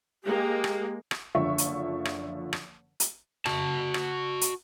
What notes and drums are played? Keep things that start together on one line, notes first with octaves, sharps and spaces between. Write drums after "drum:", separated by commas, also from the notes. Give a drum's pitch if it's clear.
G#3 A#3 G4
drum: rim click
drum: rim click
F#1 D3 F3 E5 C#6
drum: hi-hat
drum: rim click
drum: rim click
drum: hi-hat
F#4 A5, drum: rim click
drum: rim click
drum: hi-hat